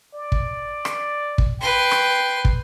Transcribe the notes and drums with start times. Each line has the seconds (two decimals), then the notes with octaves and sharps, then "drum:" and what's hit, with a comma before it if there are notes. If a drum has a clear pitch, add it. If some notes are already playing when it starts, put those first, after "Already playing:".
0.14 D5
0.32 drum: kick
0.85 drum: rim click
1.38 drum: kick
1.61 B4 G5 C6
1.91 drum: rim click
2.45 drum: kick